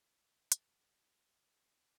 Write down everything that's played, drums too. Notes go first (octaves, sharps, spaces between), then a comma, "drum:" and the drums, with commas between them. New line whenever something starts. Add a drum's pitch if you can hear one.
A#3 F5
drum: hi-hat
G#3 C#4 G4
A3 A4